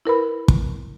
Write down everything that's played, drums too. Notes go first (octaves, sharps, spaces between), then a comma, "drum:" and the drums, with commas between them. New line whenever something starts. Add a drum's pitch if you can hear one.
E4 A#4 B4 B5
drum: kick